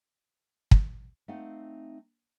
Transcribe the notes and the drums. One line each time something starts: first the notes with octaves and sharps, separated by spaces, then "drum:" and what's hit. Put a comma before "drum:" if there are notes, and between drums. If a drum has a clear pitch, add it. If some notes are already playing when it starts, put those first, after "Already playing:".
drum: kick
A3 C4 D#4 F5 F#5